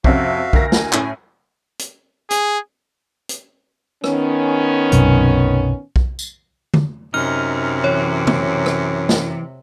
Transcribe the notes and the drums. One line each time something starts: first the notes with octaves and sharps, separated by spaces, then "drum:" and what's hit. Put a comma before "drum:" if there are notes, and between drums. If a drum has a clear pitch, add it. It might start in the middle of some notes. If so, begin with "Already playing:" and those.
F2 C3 C#4 F#4 E5 F5, drum: kick B1
D2 A#4 A#6, drum: kick B1
G#5, drum: snare
A2 C#4, drum: clap
drum: hi-hat
G#4, drum: hi-hat
drum: hi-hat
D#3 B3 C#4, drum: rim click
B1 F#2 C3, drum: hi-hat
drum: kick B1
drum: tambourine
drum: tom D3
F#2 C3 D#4 F6
E3 C#5
drum: tom
drum: rim click
drum: snare